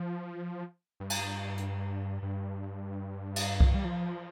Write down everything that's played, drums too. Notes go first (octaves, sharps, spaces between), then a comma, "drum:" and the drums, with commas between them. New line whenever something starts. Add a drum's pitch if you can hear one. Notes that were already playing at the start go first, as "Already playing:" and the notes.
Already playing: F3
G2
drum: cymbal
drum: hi-hat
G2
drum: cymbal
drum: kick C2
G3
F3